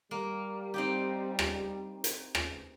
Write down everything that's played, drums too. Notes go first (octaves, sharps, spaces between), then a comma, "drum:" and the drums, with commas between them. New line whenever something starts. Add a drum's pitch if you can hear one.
G3 A#3
C4 D#4 G4
drum: rim click
drum: hi-hat
drum: rim click